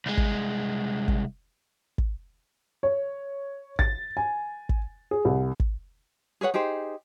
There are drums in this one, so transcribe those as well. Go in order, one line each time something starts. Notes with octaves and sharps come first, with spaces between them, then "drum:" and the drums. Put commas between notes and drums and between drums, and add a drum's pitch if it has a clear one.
C2 G#3
drum: kick
drum: kick
drum: kick
C#5
A6, drum: kick
G#5
drum: kick
G#4
C2
drum: kick
G#4 B4 C#5 F#5
D#4 G4 G#4 C5